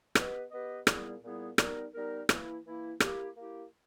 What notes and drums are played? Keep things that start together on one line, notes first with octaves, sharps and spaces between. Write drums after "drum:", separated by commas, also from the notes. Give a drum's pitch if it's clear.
B3 G4 B4 D#5, drum: rim click
B3 G4 B4 D#5
A#2 G3 B3 E4 G#4, drum: rim click
A#2 G3 B3 E4 G#4
G3 B3 D#4 A#4, drum: rim click
G3 B3 D#4 A#4
E3 A#3 E4, drum: rim click
E3 A#3 E4
A#3 E4 G4, drum: rim click
A#3 E4 G4